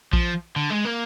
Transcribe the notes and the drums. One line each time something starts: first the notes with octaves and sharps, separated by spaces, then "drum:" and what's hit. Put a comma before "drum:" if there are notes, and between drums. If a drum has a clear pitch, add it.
F3, drum: kick A#1
D3
G#3
A#3